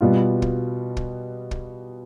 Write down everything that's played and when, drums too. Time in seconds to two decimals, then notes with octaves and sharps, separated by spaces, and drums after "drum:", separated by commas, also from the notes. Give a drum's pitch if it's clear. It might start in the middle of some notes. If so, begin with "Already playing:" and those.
0.01 B2 G3 B3 F4
0.42 drum: kick
0.97 drum: kick
1.51 drum: kick